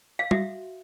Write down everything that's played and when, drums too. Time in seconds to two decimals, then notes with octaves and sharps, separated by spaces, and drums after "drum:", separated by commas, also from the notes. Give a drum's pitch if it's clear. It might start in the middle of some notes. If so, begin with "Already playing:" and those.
0.19 F5
0.31 F#4 E5, drum: tom G3